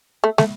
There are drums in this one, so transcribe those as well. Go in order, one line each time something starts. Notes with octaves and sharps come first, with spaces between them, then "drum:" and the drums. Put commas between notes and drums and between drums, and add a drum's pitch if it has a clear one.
A3
A3, drum: snare